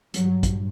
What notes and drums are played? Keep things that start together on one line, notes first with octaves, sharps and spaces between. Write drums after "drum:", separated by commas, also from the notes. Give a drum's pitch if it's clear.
G2 F#3, drum: hi-hat
drum: kick, hi-hat